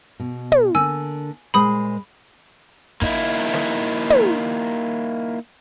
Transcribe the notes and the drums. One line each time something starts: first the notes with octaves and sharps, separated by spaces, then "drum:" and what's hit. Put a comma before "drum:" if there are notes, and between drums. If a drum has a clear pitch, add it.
B2
drum: tom
D3 A#3 G#5 E6
A#2 G#3 C5 B5 D#6
A#3 D#4 E4, drum: kick
drum: snare
drum: tom